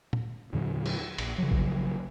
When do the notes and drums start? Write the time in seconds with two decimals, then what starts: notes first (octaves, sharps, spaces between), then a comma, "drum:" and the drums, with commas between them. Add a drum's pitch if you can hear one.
0.13 drum: tom A#2
0.53 E2 A#2 D3 F#3
0.86 drum: cymbal
1.18 A#1, drum: cymbal
1.38 C#3 F3 F#3
1.52 drum: kick A1